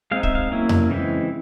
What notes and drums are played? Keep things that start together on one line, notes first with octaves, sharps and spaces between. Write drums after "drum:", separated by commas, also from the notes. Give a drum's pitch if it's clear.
G#3 C4 D#4 F5
E5, drum: kick
F5
F#3 A#3 C#4 E4
drum: tom F2
C#3 E3 G#3 C4 E4